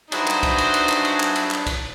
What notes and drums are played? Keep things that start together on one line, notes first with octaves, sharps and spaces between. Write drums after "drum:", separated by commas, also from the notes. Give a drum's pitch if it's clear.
D4 D#4 F#4 G#4 B4 C5 E5, drum: cymbal
drum: clap
drum: kick, cymbal
drum: cymbal
drum: cymbal
drum: clap
drum: cymbal
drum: clap
drum: cymbal
drum: clap
drum: kick, cymbal